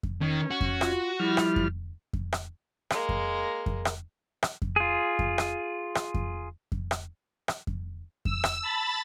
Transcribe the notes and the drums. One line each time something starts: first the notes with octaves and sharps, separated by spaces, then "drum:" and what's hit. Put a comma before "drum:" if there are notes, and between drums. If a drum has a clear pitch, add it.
drum: kick F2
D#3 C#4
F#4
drum: kick F2
F4, drum: rim click
F3 G3 E4 F6
drum: rim click
drum: kick F2
drum: kick F2
drum: rim click
G#3 A#3, drum: rim click
drum: kick F2
drum: kick F2
drum: rim click
drum: rim click
drum: kick F2
F4 G#4
drum: kick F2
drum: rim click
drum: rim click
drum: kick F2
drum: kick F2
drum: rim click
drum: rim click
drum: kick F2
E6, drum: kick F2
drum: rim click
A5 B5 A6